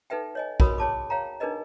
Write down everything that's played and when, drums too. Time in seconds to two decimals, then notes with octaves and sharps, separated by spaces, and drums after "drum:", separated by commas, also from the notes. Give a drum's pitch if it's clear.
0.10 D#4 A4 B4 E5 G5
0.35 C#5 D#5 G#5
0.60 F#4 A#4 C#5 B5 D#6, drum: kick A#1
0.78 G#4 C#5 A5 D6
1.10 C#5 F5 G5 A#5
1.40 D4 D#4 G#4 A#4 B4 D#5